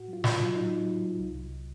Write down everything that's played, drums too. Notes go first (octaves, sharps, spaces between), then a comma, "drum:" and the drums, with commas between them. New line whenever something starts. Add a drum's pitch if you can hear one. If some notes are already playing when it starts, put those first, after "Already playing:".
Already playing: A2 F#4
F#3 F4
A2, drum: snare
F4
F#3
F#3 D#4
A2
F#3
F#3
C2
C2